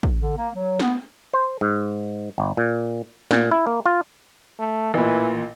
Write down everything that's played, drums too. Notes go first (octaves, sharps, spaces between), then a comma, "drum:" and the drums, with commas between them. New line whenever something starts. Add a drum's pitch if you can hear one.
drum: kick
D3
A#3
F#3
B3, drum: snare
C5
G#2
G1
A#2
A#2, drum: snare
E4
A#3
F4
A3
A1 A#2 E3